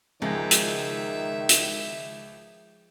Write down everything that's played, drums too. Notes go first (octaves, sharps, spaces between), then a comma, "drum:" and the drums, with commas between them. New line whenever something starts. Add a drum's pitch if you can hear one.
C#2 D#3 F3 G#3 E5
drum: hi-hat
drum: hi-hat